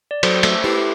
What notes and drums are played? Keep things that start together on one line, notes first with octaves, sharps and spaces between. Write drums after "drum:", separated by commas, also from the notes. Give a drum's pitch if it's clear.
D5
F#3 A4 C5, drum: cymbal
A3 A4 C5, drum: cymbal
E4 G4 B4